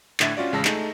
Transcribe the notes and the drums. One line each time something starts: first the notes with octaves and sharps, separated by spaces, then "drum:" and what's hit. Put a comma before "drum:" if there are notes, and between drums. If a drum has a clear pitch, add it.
A2 D3 E4 E5 A6 D#7, drum: clap
C#4 F4 F#4 D5
A1 C#3 G#3 A5 E6 A#6
A3 D#4 G#4, drum: clap